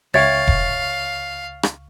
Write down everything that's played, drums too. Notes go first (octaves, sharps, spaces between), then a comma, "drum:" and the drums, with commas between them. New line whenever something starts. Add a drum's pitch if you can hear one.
C#2 C#5 E5 F5 G5 C#6 A6
drum: kick E1
drum: rim click